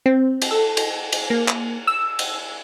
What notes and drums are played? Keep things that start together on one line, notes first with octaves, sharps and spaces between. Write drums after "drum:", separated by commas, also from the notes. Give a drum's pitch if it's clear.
C4
drum: cymbal
A4
drum: cymbal
drum: cymbal
A#3
drum: clap
E6
drum: cymbal